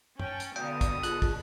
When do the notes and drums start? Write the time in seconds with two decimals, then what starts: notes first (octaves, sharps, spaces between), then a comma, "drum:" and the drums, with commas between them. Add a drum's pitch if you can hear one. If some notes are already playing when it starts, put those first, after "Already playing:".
0.20 C#4 G5 A5, drum: tom
0.40 drum: hi-hat
0.56 B2 D3 D5 F5 G5 A#5 D#6
0.81 drum: kick, hi-hat
1.03 F4 G#4 A5 F#6, drum: hi-hat
1.22 drum: kick, open hi-hat